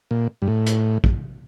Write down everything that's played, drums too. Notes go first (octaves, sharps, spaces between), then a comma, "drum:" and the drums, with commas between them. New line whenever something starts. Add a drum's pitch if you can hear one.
A#2
G2
A2
drum: hi-hat
drum: kick